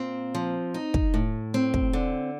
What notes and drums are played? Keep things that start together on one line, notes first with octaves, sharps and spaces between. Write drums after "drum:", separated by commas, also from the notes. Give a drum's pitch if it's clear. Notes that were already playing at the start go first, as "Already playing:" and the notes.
Already playing: A#2 C4
F3
D#4
drum: kick
A2
C4
drum: kick
D3